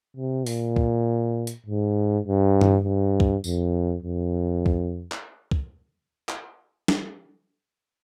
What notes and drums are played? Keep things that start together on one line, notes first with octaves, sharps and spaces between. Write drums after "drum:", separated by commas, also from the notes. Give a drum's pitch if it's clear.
C3
A#2, drum: open hi-hat
drum: kick C2
drum: hi-hat
G#2
G2
drum: tom G2
G2
drum: kick C2
F2, drum: tambourine
F2
drum: kick C2
drum: clap
drum: kick C2
drum: clap
drum: snare